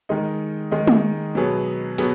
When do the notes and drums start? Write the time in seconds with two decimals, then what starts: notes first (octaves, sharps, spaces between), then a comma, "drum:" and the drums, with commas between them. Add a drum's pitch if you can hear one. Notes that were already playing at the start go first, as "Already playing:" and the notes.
0.09 D#3 G#3 D#4
0.71 D#3 G#3 D#4
0.87 drum: tom G#3
1.35 B2 F#3 B3 G#4
1.98 B2 F#3 B3 G#4, drum: hi-hat